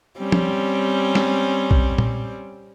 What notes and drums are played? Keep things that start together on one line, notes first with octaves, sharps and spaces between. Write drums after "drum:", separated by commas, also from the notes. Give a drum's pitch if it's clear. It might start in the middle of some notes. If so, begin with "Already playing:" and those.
G3 C4 C#4
drum: tom
drum: snare
drum: kick B1
drum: tom